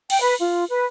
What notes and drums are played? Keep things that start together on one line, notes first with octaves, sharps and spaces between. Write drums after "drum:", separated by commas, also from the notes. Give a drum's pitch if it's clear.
G5, drum: cymbal
B4
F4
B4